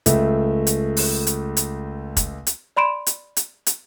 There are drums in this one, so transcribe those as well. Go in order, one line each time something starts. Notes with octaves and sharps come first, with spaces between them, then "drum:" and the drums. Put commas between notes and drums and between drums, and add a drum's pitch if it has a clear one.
C#2 A3 E5, drum: hi-hat
drum: hi-hat
drum: open hi-hat
drum: hi-hat
drum: hi-hat
drum: kick, hi-hat
drum: hi-hat
D5 B5 C6 D7 E7
drum: hi-hat
drum: hi-hat
drum: hi-hat